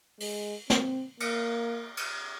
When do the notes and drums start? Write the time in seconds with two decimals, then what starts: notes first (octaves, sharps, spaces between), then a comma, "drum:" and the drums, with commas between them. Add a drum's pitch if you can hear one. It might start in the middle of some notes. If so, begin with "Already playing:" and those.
0.20 G#3, drum: open hi-hat
0.70 C4, drum: snare
1.20 A#3, drum: cymbal
1.97 drum: cymbal